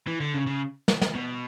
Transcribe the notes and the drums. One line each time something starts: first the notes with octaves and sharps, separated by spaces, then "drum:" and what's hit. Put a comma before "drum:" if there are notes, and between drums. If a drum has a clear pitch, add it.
E3
D3
C#3
C#3
drum: snare
drum: snare
B2